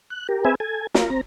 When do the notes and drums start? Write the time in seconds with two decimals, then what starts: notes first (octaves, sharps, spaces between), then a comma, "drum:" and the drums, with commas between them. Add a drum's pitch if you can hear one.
0.10 F#6
0.29 G4 A#4
0.45 C4 G#4 B4 E5 G#5
0.60 A4 G#5
0.94 F4 A#4, drum: snare
1.10 C4 A#5